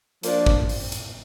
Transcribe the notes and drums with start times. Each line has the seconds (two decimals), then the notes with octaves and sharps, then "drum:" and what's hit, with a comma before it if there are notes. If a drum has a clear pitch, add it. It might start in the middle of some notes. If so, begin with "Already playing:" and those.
0.23 F3 A#3 D4, drum: hi-hat
0.46 drum: kick
0.69 drum: open hi-hat
0.92 drum: hi-hat